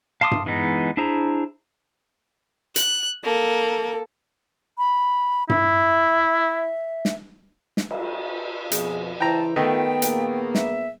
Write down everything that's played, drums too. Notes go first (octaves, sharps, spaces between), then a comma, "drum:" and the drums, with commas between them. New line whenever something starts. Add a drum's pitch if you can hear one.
F5 A5 C6 D6 D#6
drum: tom G2
E3 G#3 B3 D#4
D4 E4 G#4 C5 A#5
F#6, drum: hi-hat
A#3 A4
B5
E4 E5, drum: tom G2
drum: snare
drum: snare
drum: cymbal
F2 B2 F3 G#4, drum: hi-hat
C#3 E3 E4 C5 G5 A5 A#5
D#3 A3 B3 F4 D#5 G5
A#2 A#3 G#4, drum: hi-hat
E5, drum: snare